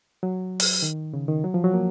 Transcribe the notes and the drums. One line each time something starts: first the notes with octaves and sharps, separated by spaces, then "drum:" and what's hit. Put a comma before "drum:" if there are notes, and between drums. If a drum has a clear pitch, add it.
F#3
drum: open hi-hat
D#3
C#3
D#3
F#3
F3
F#3
A#3